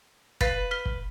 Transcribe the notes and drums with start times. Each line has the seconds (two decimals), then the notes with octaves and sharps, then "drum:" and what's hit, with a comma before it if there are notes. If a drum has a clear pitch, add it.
0.41 B4 F5 A6, drum: kick
0.71 F6 B6 G7
0.86 drum: kick